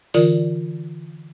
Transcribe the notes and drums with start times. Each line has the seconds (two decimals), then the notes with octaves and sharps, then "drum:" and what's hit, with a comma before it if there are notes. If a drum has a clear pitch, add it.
0.14 D3 E3 F4 A#4 D5, drum: open hi-hat